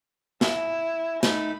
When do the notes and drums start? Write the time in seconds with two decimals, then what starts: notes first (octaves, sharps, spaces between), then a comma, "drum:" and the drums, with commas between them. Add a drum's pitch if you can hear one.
0.41 E4, drum: snare
1.23 A3 D#4 B5, drum: snare